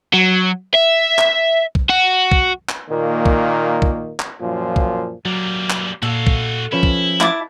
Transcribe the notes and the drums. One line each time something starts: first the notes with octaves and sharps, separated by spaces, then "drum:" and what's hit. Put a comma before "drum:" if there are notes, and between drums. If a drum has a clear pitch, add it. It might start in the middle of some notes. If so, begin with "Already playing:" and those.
F#3
E5
drum: clap
drum: kick
F#4
drum: kick
drum: clap
A#2 D#3 A#3
drum: kick
drum: kick
drum: clap
F#2 A#2 F3
drum: kick
F#3 G3 A#3
drum: clap
A#2 F#4 A4 F5
drum: kick
F3 C#4 E4 B4
drum: kick
E4 A5 D6, drum: clap